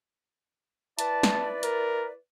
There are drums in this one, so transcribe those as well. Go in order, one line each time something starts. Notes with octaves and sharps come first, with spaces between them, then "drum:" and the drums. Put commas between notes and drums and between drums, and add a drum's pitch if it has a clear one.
E4 B4 D5 A5, drum: hi-hat
drum: snare
A#4, drum: hi-hat